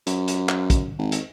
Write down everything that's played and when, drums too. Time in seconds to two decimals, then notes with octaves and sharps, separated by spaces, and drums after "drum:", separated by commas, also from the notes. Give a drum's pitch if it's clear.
0.07 F#2, drum: hi-hat
0.28 drum: hi-hat
0.49 drum: clap
0.70 drum: kick, hi-hat
0.99 G#1
1.12 drum: hi-hat